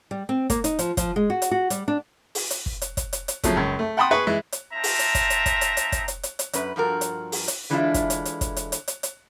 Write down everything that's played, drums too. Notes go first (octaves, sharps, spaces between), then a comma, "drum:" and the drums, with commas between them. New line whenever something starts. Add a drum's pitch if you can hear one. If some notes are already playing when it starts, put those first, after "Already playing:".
G3
C4
A#3, drum: kick, hi-hat
D#4, drum: hi-hat
F3, drum: hi-hat
F3, drum: kick, hi-hat
G#3
F#4
drum: hi-hat
F#4
G3, drum: hi-hat
D4
drum: open hi-hat
drum: hi-hat
drum: kick
drum: hi-hat
drum: kick, hi-hat
drum: hi-hat
drum: hi-hat
C#3 F3 F#3 A3, drum: kick, hi-hat
C#2 F#2
A3
F#5 G5 A5 B5 C6 D#6
G#4 B4 C#6
E3 G#3 E4
drum: hi-hat
C4 D#4 F4 E5 A5 A#5
drum: open hi-hat
drum: hi-hat
drum: kick, hi-hat
drum: hi-hat
drum: kick, hi-hat
drum: hi-hat
drum: hi-hat
drum: kick, hi-hat
drum: hi-hat
drum: hi-hat
drum: hi-hat
F#2 B4, drum: hi-hat
G2 F3 F#4 A#4
drum: hi-hat
drum: open hi-hat
drum: hi-hat
D3 E3 G#3 D4 E4 F4
drum: kick, hi-hat
drum: hi-hat
drum: hi-hat
drum: kick, hi-hat
drum: hi-hat
drum: hi-hat
drum: hi-hat
drum: hi-hat